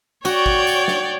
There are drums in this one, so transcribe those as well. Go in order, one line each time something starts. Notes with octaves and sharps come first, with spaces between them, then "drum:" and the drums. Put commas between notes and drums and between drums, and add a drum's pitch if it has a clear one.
F#4 C#5 D5 G5, drum: tambourine
drum: kick
drum: tambourine
drum: snare